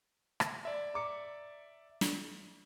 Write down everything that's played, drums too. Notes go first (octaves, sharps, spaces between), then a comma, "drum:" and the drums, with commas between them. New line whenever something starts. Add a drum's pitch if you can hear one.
drum: rim click
D5 E5
A#5 D6 C#7
drum: snare